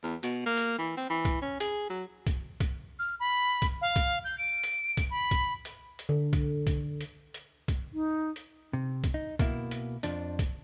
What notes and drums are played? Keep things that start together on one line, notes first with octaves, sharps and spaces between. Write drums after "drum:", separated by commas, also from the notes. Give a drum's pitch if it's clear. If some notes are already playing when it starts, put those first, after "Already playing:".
E2
B2, drum: hi-hat
A#3
drum: hi-hat
E3
C4
E3
drum: kick B1, hi-hat
C#4
G#4, drum: hi-hat
F#3
drum: kick B1, hi-hat
drum: kick B1, hi-hat
F6
B5
drum: kick B1, hi-hat
F5
drum: kick B1, hi-hat
G6
D7
drum: hi-hat
drum: kick B1, hi-hat
B5
drum: kick B1, hi-hat
drum: hi-hat
drum: hi-hat
D3
drum: kick B1, hi-hat
drum: kick B1, hi-hat
drum: hi-hat
drum: hi-hat
drum: kick B1, hi-hat
D#4
drum: hi-hat
C3
drum: kick B1, hi-hat
D#4
B2 A#3 E4, drum: kick B1, hi-hat
drum: hi-hat
F2 F3 D4, drum: hi-hat
drum: kick B1, hi-hat